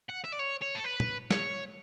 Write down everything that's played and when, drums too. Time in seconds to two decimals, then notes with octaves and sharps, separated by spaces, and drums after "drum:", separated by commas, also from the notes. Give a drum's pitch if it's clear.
0.09 F#5
0.24 E5
0.32 D5
0.39 C#5
0.62 C#5
0.75 A4
0.85 B4
1.00 drum: tom
1.31 C#5, drum: snare